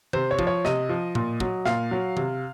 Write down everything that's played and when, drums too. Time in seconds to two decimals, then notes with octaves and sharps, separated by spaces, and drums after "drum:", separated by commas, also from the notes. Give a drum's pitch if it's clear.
0.13 C3 C5, drum: tom D#3
0.31 C#5
0.39 F3, drum: kick
0.47 C#5
0.65 C3 D#5, drum: snare
0.89 F3
1.15 A#2, drum: tom A2
1.40 F#3, drum: kick
1.65 A#2 F5, drum: snare
1.91 F#3
2.17 C3, drum: tom D#3